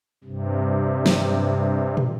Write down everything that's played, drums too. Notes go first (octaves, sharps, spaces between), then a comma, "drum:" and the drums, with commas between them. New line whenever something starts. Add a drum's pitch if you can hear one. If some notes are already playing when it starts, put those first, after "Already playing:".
G2 C3
drum: snare
drum: tom